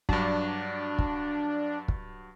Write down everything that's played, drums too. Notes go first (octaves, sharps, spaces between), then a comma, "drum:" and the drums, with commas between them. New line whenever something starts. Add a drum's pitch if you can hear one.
G2 F#3 D4, drum: kick
drum: kick
drum: kick